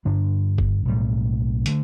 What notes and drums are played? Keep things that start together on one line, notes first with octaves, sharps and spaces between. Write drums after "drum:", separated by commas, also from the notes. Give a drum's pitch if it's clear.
G2 D3 G3 D4
drum: kick F#1
B1 A2 G3
D3 A3, drum: hi-hat